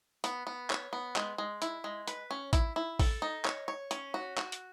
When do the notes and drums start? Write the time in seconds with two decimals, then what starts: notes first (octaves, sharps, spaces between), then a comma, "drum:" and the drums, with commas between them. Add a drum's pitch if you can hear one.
0.24 B3, drum: hi-hat
0.47 B3
0.70 C#5, drum: clap
0.93 B3
1.16 G#3, drum: clap
1.38 G#3
1.62 E4, drum: hi-hat
1.84 G#3
2.08 B4, drum: hi-hat
2.31 C#4
2.53 E4, drum: kick A1, hi-hat
2.76 E4
2.99 A4, drum: kick A1, open hi-hat
3.22 D#4
3.45 C#5, drum: clap
3.68 C#5
3.91 C#4, drum: hi-hat
4.14 F#4
4.38 F#4, drum: clap
4.52 drum: hi-hat